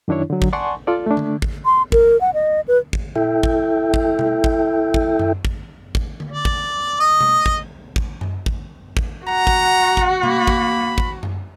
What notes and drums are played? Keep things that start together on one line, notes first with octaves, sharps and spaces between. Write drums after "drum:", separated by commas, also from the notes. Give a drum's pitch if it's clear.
F#2 D#3 D4 E4 C#5
D3 F#3
drum: kick
D5 F#5 G#5 A5 C6 C#6
F4 A4 D5
A3 D4
drum: tom D3
drum: kick
C6
A#4, drum: kick
F#5
D#5
B4
drum: kick
E4 A4 E5 G5, drum: tom A#2
drum: kick
drum: kick
drum: tom B2
drum: kick
drum: kick
drum: tom F#2
drum: kick
drum: kick
drum: tom D3
D5
drum: kick
D#5
drum: tom B2
drum: kick
drum: kick
drum: tom F#2
drum: kick
drum: kick
F#4 F#5 A#5
drum: kick
drum: kick
A#3 B5, drum: tom B2
drum: kick
drum: kick
drum: tom F#2